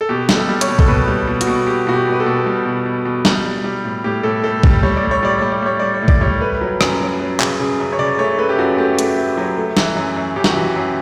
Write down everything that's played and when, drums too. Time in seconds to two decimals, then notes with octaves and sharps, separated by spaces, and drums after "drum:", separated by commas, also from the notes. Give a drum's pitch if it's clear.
0.01 A4
0.09 B2 G4
0.29 G3, drum: snare
0.36 A4
0.49 G3
0.61 C#5, drum: hi-hat
0.69 B2
0.79 A4, drum: kick
0.88 B2 B4
1.07 G3
1.27 B2
1.41 F#4, drum: hi-hat
1.47 B2
1.66 B2 G4
1.87 B2 F#4
1.93 G4
2.07 B2
2.12 B4
2.20 A4
2.26 B2
2.46 G3
2.66 B2
2.86 B2
3.05 B2
3.25 G3, drum: snare
3.45 G3
3.64 G3
3.85 A2
4.04 A2 G4
4.23 A2 A4
4.44 A2 A4
4.63 G3, drum: kick
4.83 G3 C#5
4.97 D5
5.03 A2
5.11 C#5
5.23 G3 D5
5.39 G3 C#5
5.52 D5
5.62 G3 C#5
5.79 G3 D5
5.94 C#5
6.02 A2
6.08 D5, drum: kick
6.21 G3 C#5
6.41 A3 B4
6.61 F#3
6.81 F#2, drum: rim click
7.01 F#3
7.20 F#3
7.40 C#3, drum: clap
7.60 C#3
7.80 F#2
7.93 C#5
7.99 C#3 D5
8.19 A3 C#5
8.38 A3 B4
8.49 G4
8.58 F#2 F#4
8.78 A3 G4
8.99 A3, drum: hi-hat
9.18 A3
9.38 F#3
9.57 A3
9.77 E3, drum: snare
9.96 F#2
10.16 F#2
10.36 F#2 G4
10.44 F#4, drum: snare
10.54 E3 G4
10.76 F#2